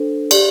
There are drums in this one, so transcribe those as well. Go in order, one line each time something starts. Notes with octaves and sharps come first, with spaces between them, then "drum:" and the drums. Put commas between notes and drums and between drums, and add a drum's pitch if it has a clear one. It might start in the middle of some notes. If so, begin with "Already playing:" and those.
Already playing: D4 A4 C5
G4 D5, drum: cymbal